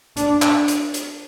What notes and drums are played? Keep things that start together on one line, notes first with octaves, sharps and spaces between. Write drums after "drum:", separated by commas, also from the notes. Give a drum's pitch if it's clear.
D4, drum: hi-hat
drum: clap
drum: hi-hat
drum: hi-hat